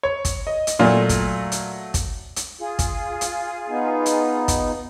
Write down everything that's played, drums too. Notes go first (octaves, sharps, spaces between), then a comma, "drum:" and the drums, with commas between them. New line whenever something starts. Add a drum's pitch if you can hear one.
C#5
drum: kick, hi-hat
D#5
drum: hi-hat
A#2 F#3 A3
drum: kick, hi-hat
drum: hi-hat
drum: kick, hi-hat
drum: hi-hat
F4 G#4
drum: kick, hi-hat
drum: hi-hat
B3 D#4
drum: hi-hat
drum: kick, hi-hat